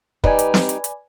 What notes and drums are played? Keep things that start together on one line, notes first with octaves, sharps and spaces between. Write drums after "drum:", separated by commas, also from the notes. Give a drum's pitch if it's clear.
G3 D#4 B4 D5 G#5, drum: kick
drum: hi-hat
drum: snare
drum: hi-hat
drum: hi-hat